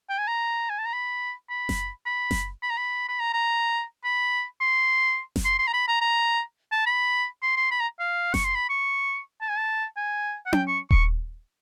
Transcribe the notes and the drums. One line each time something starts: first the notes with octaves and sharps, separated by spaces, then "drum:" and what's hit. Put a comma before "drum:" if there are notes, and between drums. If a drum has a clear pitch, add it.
G5
G#5
A#5
G#5
A5
A#5
B5
B5
drum: snare F#1
B5
drum: snare F#1
B5
A#5
B5
B5
A#5
A#5
B5
C6
drum: snare F#1
C6
C6
A#5
B5
A#5
A#5
A5
B5
C6
C6
B5
A#5
F5
C#6, drum: snare F#1
C6
B5
C#6
A5
G#5
A5
G#5
F#5
G5, drum: tom C#4
C#6
C#6, drum: kick D#1